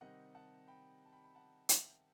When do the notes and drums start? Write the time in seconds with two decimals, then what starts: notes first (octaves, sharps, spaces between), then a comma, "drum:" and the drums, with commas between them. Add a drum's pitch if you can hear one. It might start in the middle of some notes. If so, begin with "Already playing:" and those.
0.01 C3 D#3 G3 C4 D#4 D#5 F#5
0.35 F#5 A5
0.67 G5 B5
1.06 A5
1.13 G5 B5
1.24 B5
1.35 F#5 A5
1.69 E5 G5, drum: hi-hat